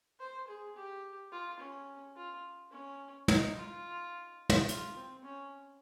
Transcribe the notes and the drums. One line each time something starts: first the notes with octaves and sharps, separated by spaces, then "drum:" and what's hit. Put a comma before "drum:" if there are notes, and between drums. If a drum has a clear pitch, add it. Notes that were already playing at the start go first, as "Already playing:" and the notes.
C5
G#4
G4
F4
C#4
F4
C#4
D#4, drum: tom
F4
drum: tom
F4, drum: hi-hat
C4
C#4